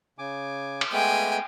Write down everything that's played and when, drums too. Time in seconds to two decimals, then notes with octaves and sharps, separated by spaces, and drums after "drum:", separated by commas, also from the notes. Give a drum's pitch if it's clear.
0.19 C#3 G#5 D6
0.81 drum: cymbal
0.92 G#3 A3 B3 G5 G#5